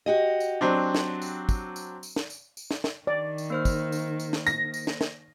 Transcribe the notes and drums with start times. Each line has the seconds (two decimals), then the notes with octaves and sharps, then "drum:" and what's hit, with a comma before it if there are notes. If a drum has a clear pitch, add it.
0.06 F#4 G4 D#5
0.40 drum: tambourine
0.61 F#3 C4 D4
0.95 drum: snare
1.22 drum: tambourine
1.49 drum: kick, tambourine
1.76 drum: tambourine
2.03 drum: tambourine
2.16 drum: snare
2.30 drum: tambourine
2.57 drum: tambourine
2.71 drum: snare
2.84 drum: snare
3.07 D#3 D5
3.38 drum: tambourine
3.50 A#3 C5 F6
3.65 drum: kick, tambourine
3.92 drum: tambourine
4.19 drum: tambourine
4.33 drum: snare
4.47 A#6, drum: tambourine
4.74 drum: tambourine
4.87 drum: snare
5.01 drum: snare